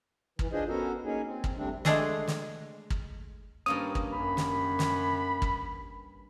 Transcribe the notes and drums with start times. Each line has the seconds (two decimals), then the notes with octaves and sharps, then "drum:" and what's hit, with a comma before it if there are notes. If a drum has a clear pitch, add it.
0.39 E3, drum: kick
0.53 D4 F4 G#4 C5 D#5
0.68 B3 C#4 F#4 A4 A#4
1.04 A#3 C#4 D#4 G#4
1.26 C4
1.44 drum: kick
1.57 C3 G3 A3 C4 D4
1.85 G#3 A3 D4 G#4 A4 D#5, drum: snare
2.28 drum: snare
2.90 drum: kick
3.66 G2 A#3 C#4 D#6
3.95 drum: kick
4.14 F#2 B5
4.37 drum: snare
4.79 drum: snare
5.42 drum: kick